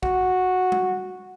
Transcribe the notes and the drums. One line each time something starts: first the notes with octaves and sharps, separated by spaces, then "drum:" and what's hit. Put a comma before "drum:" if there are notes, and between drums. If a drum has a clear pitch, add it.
F#4, drum: kick
drum: tom G3